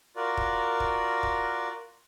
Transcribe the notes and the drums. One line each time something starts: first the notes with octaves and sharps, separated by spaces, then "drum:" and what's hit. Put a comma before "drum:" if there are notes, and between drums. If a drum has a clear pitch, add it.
F4 F#4 A#4 D5
drum: kick
drum: kick
drum: kick